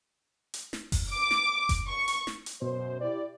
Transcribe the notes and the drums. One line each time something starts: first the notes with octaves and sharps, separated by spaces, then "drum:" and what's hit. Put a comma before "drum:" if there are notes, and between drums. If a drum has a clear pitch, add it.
drum: hi-hat
drum: snare
drum: kick F#1, open hi-hat
D6
drum: snare
drum: kick F#1, hi-hat
C#6
drum: hi-hat
drum: snare
drum: hi-hat
F#2 B2 C5
E4 G4 D5